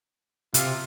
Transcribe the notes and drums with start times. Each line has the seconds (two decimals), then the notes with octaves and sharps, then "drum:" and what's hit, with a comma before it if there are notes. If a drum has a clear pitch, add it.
0.54 C3 F4, drum: hi-hat